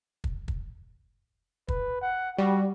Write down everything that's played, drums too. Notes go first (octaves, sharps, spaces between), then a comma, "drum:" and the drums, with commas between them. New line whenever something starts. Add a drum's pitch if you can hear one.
drum: kick
drum: kick
B4, drum: kick
F#5
G3 F#4